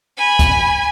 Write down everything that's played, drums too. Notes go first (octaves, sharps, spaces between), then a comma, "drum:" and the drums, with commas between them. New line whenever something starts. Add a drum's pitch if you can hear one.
G#5 B5
drum: kick C#2, hi-hat